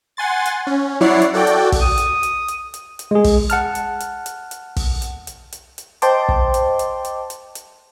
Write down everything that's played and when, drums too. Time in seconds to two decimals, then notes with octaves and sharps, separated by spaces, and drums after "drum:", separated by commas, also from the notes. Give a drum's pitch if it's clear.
0.17 F#5 G#5 C6 A6
0.46 drum: hi-hat
0.67 C#4
1.01 F#3 E4 C#5 D5 F#5 C7
1.22 drum: hi-hat
1.34 F#4 A4 D5 G5
1.47 drum: hi-hat
1.72 drum: kick, open hi-hat
1.82 D#6
1.98 drum: hi-hat
2.23 drum: hi-hat
2.48 drum: hi-hat
2.74 drum: hi-hat
2.99 drum: hi-hat
3.11 G#3 G#4
3.24 drum: kick, open hi-hat
3.50 F#5 A5 F6, drum: hi-hat
3.75 drum: hi-hat
4.00 drum: hi-hat
4.26 drum: hi-hat
4.51 drum: hi-hat
4.76 drum: kick, open hi-hat
5.02 drum: hi-hat
5.27 drum: hi-hat
5.52 drum: hi-hat
5.78 drum: hi-hat
6.02 C5 D#5 G5 A5 C6 D6, drum: hi-hat
6.29 drum: kick
6.54 drum: hi-hat
6.79 drum: hi-hat
7.05 drum: hi-hat
7.30 drum: hi-hat
7.55 drum: hi-hat